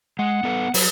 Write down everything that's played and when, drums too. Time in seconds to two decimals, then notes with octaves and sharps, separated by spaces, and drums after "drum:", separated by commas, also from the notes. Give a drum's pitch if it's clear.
0.19 G#3 F#5
0.44 B3 A4 B4
0.74 F#3 B4, drum: open hi-hat